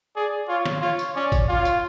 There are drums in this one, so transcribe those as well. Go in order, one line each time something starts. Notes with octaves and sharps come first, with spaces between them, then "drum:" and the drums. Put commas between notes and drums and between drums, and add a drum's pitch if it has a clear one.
G#4 D5
F4 C#5
drum: snare
F4 C#5
drum: tambourine
C#4 D5
drum: kick G#1, tambourine
F4 C#5
drum: tambourine